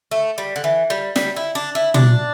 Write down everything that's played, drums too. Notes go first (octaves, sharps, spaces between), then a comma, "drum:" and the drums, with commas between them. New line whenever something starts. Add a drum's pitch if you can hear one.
A3
G3
D3
E3
G3
G3, drum: snare
E4
D4
E4
D4, drum: tom